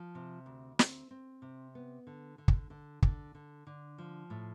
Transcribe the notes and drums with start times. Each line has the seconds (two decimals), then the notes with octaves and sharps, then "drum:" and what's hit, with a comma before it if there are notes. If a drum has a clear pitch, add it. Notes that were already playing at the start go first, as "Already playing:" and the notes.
Already playing: F3
0.15 C3
0.46 D2
0.79 C4, drum: snare
1.11 C4
1.42 C3
1.75 B3
2.07 D3
2.38 D3
2.48 drum: kick
2.70 D3
3.02 D3, drum: kick
3.35 D3
3.67 D3
3.98 F3
4.30 A2